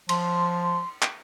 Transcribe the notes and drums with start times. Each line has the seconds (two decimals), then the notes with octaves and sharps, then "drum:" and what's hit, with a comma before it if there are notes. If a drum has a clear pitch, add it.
0.09 F3 C6, drum: cymbal
1.02 drum: clap